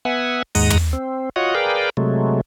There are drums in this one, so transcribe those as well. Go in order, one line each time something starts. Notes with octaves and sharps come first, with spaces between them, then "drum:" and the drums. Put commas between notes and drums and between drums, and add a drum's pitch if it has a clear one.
B3 E5 F#5 G#5
D#2 G#2 G#3 F#5 A#5 D#6, drum: open hi-hat
drum: tom
C4
F4 F#4 C#5 D#5 F#5
G#4 A#4 B4 D5 F5 G5
C3 F#3 G#3 A3